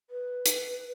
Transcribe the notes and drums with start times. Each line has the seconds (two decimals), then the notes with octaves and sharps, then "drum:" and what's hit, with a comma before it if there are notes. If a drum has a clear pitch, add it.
0.10 B4
0.46 drum: hi-hat